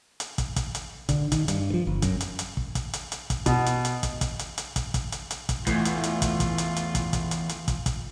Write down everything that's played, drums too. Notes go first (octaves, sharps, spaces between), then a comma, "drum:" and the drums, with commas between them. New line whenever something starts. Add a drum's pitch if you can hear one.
drum: hi-hat
drum: kick, hi-hat
drum: kick, hi-hat
drum: hi-hat
D3, drum: kick, hi-hat
D#3, drum: kick, hi-hat
G2, drum: hi-hat
F3
G1
F#2, drum: kick, hi-hat
drum: hi-hat
drum: hi-hat
drum: kick
drum: kick, hi-hat
drum: hi-hat
drum: hi-hat
drum: kick, hi-hat
B2, drum: kick, hi-hat
drum: hi-hat
drum: hi-hat
drum: kick, hi-hat
drum: kick, hi-hat
drum: hi-hat
drum: hi-hat
drum: kick, hi-hat
drum: kick, hi-hat
drum: hi-hat
drum: hi-hat
drum: kick, hi-hat
E2 A2 E3 F4, drum: kick, hi-hat
drum: hi-hat
drum: hi-hat
drum: kick, hi-hat
drum: kick, hi-hat
drum: hi-hat
drum: hi-hat
drum: kick, hi-hat
drum: kick, hi-hat
drum: hi-hat
drum: hi-hat
drum: kick, hi-hat
drum: kick, hi-hat